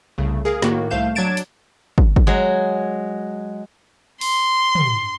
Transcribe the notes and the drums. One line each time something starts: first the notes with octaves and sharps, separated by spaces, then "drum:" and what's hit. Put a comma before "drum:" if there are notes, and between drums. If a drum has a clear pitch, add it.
C2 C#3 A3
G#4 A#4 F5
A2 D#3 A#3 F#4, drum: snare
C2 A3 C5 F5 G6 E7
F#3 D4 G#6 A6 D7 E7
drum: hi-hat
drum: kick
drum: kick
F#3 G#3 G#4
C6, drum: open hi-hat
drum: tom